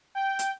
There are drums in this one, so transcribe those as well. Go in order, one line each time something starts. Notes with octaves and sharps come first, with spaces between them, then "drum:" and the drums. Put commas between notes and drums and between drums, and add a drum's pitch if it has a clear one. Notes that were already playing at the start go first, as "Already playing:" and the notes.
G5
drum: hi-hat